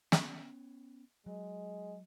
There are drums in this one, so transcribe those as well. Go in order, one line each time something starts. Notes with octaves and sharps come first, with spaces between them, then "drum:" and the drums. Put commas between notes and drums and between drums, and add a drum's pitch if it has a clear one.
B3 C#4, drum: snare
F#3 G#3